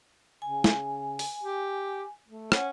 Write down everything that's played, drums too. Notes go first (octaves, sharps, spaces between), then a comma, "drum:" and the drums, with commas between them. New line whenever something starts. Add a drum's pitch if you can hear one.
C#3 G#5
drum: snare
drum: open hi-hat
G4
A3
C#4 F#5, drum: rim click